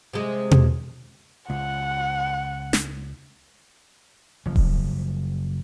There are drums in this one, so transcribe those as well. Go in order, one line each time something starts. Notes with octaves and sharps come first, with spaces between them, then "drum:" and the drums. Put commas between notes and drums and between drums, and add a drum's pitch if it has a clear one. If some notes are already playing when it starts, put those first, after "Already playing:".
C3 G#3
drum: tom B2
C#2 F#5
drum: snare
F#1 F3
drum: kick D#1